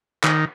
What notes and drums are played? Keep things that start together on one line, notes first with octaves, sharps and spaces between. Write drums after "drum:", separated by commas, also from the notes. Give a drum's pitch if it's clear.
D#3, drum: clap